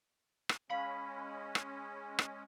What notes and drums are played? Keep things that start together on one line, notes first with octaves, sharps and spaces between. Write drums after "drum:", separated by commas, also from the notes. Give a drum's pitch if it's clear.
drum: rim click
G#3 C#4 F5 B5
drum: rim click
drum: rim click